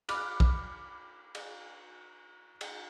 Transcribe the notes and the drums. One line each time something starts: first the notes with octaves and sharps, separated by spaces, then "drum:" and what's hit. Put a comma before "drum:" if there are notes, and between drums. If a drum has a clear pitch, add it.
B5 D6 F6 F#6, drum: cymbal
drum: kick
drum: cymbal
drum: cymbal